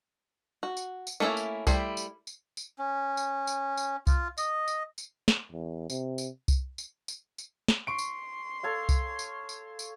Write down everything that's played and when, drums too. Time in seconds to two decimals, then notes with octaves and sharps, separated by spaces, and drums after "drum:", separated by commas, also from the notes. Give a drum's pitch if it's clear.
0.63 F#4
0.77 drum: tambourine
1.07 drum: tambourine
1.20 A3 A#3 C#4 E4 E5
1.37 drum: tambourine
1.67 G3 A3 E4 C5, drum: kick C2, tambourine
1.97 drum: tambourine
2.27 drum: tambourine
2.57 drum: tambourine
2.79 C#4
3.17 drum: tambourine
3.47 drum: tambourine
3.77 drum: tambourine
4.07 F4, drum: kick C2, tambourine
4.38 D#5, drum: tambourine
4.68 drum: tambourine
4.98 drum: tambourine
5.28 drum: snare
5.52 E2
5.90 C3, drum: tambourine
6.18 drum: tambourine
6.48 drum: kick C2, tambourine
6.78 drum: tambourine
7.08 drum: tambourine
7.38 drum: tambourine
7.68 drum: snare
7.87 C6 C#6 D7
7.99 drum: tambourine
8.63 A4 C#5 F5
8.89 drum: kick C2, tambourine
9.19 drum: tambourine
9.49 drum: tambourine
9.79 drum: tambourine